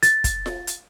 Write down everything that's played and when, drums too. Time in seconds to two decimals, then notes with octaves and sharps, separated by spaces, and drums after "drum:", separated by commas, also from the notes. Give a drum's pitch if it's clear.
0.03 A6, drum: hi-hat
0.24 drum: kick, hi-hat
0.46 drum: snare F4
0.67 drum: hi-hat